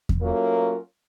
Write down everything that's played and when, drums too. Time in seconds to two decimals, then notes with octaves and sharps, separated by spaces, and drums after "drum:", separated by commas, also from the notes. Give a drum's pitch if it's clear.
0.09 drum: kick E2
0.22 F#3 A3 A#3 C#4 F4 A#4